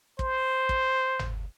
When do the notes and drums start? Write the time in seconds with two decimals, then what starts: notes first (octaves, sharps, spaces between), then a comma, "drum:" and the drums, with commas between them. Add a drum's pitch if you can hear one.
0.19 C5, drum: kick
0.69 drum: kick
1.19 drum: tom